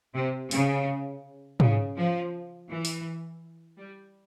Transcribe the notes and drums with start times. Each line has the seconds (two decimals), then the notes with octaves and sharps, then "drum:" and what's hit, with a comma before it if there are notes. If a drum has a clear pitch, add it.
0.14 C3
0.51 C#3, drum: open hi-hat
1.60 C#3, drum: tom
1.96 F3
2.69 E3
2.85 drum: open hi-hat
3.78 G3